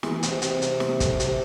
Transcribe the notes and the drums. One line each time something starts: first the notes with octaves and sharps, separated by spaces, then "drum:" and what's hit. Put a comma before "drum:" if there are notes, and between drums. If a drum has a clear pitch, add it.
E3 G#4, drum: snare
G#4
C3, drum: hi-hat
C4
C3 C4, drum: hi-hat
C3, drum: hi-hat
C3, drum: snare
A3, drum: kick, hi-hat
C3, drum: hi-hat